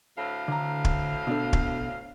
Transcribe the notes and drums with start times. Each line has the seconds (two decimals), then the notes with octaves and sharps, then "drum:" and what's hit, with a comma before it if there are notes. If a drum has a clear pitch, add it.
0.16 D2 A2 F5
0.48 D3 A#5
0.85 drum: kick
1.27 B2 D4 A4
1.53 drum: kick